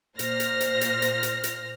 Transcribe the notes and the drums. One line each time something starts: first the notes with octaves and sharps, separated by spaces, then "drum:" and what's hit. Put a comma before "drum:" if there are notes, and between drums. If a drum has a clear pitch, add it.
A#2 C5 F6 A#6, drum: hi-hat
drum: hi-hat
drum: hi-hat
drum: hi-hat
drum: hi-hat
drum: hi-hat
drum: hi-hat